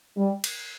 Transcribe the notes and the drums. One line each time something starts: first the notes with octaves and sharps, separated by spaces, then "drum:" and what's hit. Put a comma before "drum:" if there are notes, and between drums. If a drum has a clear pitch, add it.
G3
drum: cymbal